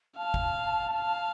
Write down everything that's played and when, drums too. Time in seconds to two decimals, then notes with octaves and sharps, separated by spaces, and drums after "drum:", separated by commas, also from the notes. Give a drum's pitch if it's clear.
0.17 F5 A5
0.34 drum: kick G#1
0.95 F5